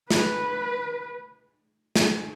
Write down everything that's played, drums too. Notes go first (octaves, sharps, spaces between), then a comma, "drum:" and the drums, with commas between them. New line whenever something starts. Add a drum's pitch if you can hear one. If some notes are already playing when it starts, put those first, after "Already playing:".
B4, drum: snare
drum: snare